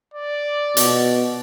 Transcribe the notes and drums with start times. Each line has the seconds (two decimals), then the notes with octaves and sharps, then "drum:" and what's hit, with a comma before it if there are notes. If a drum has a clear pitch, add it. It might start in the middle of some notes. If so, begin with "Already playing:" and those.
0.14 D5
0.77 B2, drum: hi-hat